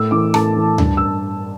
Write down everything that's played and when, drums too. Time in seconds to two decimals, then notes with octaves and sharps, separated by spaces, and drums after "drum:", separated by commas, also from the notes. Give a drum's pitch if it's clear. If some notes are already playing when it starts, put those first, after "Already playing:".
Already playing: A2 E6
0.11 E3 D6
0.34 A2 A5, drum: rim click
0.56 E3
0.78 G2, drum: tom D2
0.97 E6